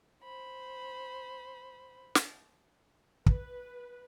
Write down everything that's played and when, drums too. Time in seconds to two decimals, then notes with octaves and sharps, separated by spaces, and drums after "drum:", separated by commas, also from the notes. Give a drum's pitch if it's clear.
0.23 C5 B5
2.15 drum: snare
3.26 B4, drum: kick